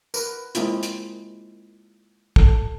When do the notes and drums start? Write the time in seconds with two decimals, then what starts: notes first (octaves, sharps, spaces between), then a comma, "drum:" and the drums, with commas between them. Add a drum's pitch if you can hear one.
0.14 A#4 B4, drum: tambourine
0.55 G#3 A#3 C4 E4 F4, drum: hi-hat
0.83 drum: hi-hat
2.36 A4, drum: kick